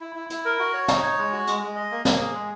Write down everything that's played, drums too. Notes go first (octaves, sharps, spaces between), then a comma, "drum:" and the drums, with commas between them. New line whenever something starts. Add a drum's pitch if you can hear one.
E4
E4
E4, drum: hi-hat
A#4
F#4
C#5
D#4, drum: snare
C#5
G#3
F#4
G#3, drum: hi-hat
G#3
D#5
A#3
A#3, drum: snare
G#4
G#3